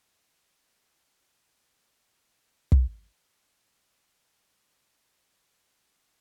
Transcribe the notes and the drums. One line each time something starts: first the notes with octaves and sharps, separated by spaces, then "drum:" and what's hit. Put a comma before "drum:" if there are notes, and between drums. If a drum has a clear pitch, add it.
A5
A2 E3 B4 F5
drum: kick
A#4 B4 F5 C#6 F6